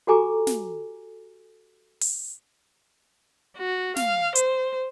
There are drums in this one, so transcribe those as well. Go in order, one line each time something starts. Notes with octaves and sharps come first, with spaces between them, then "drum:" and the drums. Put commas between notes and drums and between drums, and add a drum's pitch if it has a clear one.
F#4 G4 A4 G#5 A#5 D6
drum: snare
drum: open hi-hat
F#4
F5, drum: snare
C5, drum: hi-hat